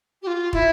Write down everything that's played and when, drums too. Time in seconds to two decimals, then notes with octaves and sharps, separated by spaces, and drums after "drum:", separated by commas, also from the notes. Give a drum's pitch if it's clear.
0.22 G4
0.26 F4
0.53 E4, drum: kick